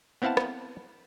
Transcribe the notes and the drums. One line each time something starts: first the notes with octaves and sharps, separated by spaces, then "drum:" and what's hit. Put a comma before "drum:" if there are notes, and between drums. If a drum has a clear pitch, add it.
B3 C4 E4 F5 F#5 A5
drum: rim click